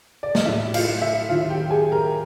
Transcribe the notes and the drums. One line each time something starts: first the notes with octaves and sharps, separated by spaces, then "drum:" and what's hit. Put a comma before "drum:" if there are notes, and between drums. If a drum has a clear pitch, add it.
D5
D#5, drum: snare
A2 F#3 A3 E4 E5
F4 F5, drum: cymbal
E4 E5
D#2 D#3 F#3 F4 F5
G4 G5
G#4 G#5
A#4 A#5